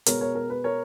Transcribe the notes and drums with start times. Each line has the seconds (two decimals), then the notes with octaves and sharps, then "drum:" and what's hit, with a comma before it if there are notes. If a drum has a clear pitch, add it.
0.06 B2 G#3 B3 A#4 C#5, drum: hi-hat
0.21 A#4 C#5
0.35 A#4
0.50 B4
0.64 A#4 C#5